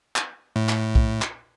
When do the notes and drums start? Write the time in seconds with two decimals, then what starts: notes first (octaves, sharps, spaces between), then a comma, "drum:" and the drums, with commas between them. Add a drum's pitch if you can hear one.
0.16 drum: clap
0.56 A2
0.69 drum: clap
0.95 drum: kick B1
1.22 drum: clap